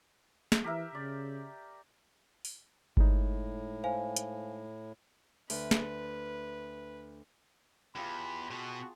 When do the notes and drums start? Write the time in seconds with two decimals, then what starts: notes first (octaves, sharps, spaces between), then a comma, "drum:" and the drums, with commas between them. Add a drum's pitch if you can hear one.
0.52 drum: snare
0.64 E3 G4 A#4 E5
0.95 C#3 D5
2.45 drum: open hi-hat
2.97 A2 G#3 D#4, drum: kick G1
3.84 C5 F5 G#5
4.16 drum: hi-hat
5.50 D2 B4, drum: open hi-hat
5.71 drum: snare
7.96 E2 F4 G4 B5
8.51 B2 B3 F#4 G#4 A5